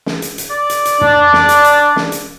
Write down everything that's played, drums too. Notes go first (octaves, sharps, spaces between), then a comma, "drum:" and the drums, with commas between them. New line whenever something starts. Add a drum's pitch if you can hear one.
drum: snare
drum: hi-hat
drum: hi-hat
D5
drum: hi-hat
drum: hi-hat
D4, drum: tom
drum: snare
drum: hi-hat
drum: hi-hat
drum: snare
drum: hi-hat